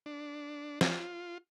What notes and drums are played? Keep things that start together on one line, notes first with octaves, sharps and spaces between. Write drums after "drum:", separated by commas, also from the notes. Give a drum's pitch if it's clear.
D4
F4, drum: snare